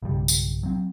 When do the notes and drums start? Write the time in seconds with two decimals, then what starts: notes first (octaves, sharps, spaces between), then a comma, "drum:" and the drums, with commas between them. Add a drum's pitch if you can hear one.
0.03 B1 G2 C#3 G3
0.28 drum: tambourine
0.63 F#3 C4